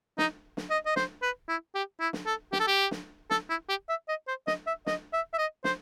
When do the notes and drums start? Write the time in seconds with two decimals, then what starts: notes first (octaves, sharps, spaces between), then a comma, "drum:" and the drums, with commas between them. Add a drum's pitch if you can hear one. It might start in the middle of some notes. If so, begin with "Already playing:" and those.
0.18 D#4, drum: snare
0.57 drum: snare
0.70 D#5
0.86 D#5
0.96 C5, drum: snare
1.22 B4
1.48 E4
1.75 G4
2.00 E4
2.13 drum: snare
2.26 A4
2.53 G4, drum: snare
2.60 A4
2.67 G4
2.91 drum: snare
3.31 A4, drum: snare
3.50 E4
3.69 G4
3.89 E5
4.09 D#5
4.28 C5
4.47 D#5, drum: snare
4.67 E5
4.87 D#5, drum: snare
5.13 E5
5.34 E5
5.38 D#5
5.64 C5, drum: snare